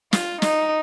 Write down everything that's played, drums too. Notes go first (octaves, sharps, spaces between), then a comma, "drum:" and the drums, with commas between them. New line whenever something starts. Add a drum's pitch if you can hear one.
F4, drum: snare
D#4, drum: snare